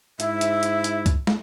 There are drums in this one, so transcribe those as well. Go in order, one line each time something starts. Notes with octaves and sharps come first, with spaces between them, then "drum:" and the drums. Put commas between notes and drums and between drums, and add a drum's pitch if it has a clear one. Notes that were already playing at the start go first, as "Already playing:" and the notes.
G#2 E4 E5, drum: hi-hat
drum: hi-hat
drum: hi-hat
drum: hi-hat
drum: kick C2, hi-hat
drum: snare